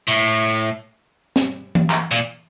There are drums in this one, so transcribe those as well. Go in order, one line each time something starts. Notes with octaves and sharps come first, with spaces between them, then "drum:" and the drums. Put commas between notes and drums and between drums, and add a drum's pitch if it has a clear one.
A2, drum: tambourine
drum: snare
drum: tom E3
drum: clap
A#2